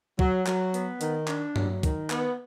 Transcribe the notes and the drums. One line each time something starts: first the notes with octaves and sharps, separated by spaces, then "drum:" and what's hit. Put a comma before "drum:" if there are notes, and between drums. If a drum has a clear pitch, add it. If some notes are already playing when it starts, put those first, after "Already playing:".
F#3, drum: kick
F#3, drum: clap
B3, drum: hi-hat
D#3, drum: hi-hat
D4, drum: clap
F#3, drum: tom G2
D#3, drum: kick, hi-hat
B3, drum: clap